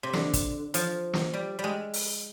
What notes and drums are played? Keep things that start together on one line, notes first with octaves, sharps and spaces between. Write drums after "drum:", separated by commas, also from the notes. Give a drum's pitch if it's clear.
C3
D3, drum: snare
drum: kick, hi-hat
F3, drum: hi-hat
drum: snare
G3
G3
G#3
drum: open hi-hat